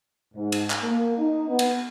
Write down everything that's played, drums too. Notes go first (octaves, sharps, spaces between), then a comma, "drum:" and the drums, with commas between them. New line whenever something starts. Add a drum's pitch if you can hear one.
G#2
drum: cymbal
drum: clap
A#3
D#4
B3
drum: cymbal